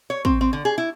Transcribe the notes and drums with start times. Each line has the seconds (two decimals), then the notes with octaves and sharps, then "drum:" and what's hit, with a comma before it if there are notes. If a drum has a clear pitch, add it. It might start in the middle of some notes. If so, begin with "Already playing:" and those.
0.10 C#5
0.25 C4, drum: kick
0.41 C4
0.53 D3
0.65 G#4
0.78 E4